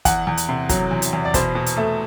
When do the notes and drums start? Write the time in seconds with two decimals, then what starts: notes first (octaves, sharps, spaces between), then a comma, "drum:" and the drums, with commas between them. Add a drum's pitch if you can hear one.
0.05 E2 F#5, drum: kick, hi-hat
0.27 E2
0.37 drum: hi-hat
0.49 C3
0.69 F#3, drum: kick, hi-hat
0.91 E2
1.02 drum: hi-hat
1.13 E2
1.25 D5
1.34 B2 C5, drum: kick, hi-hat
1.55 B2
1.66 drum: hi-hat
1.77 A3 E5